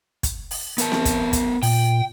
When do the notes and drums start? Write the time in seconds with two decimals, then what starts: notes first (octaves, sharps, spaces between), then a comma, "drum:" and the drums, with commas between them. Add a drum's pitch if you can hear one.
0.23 drum: kick, hi-hat
0.51 drum: open hi-hat
0.78 B3 A#4 A5, drum: hi-hat
0.92 drum: snare C4
1.05 drum: kick, hi-hat
1.33 drum: kick, hi-hat
1.63 A#2 G5, drum: open hi-hat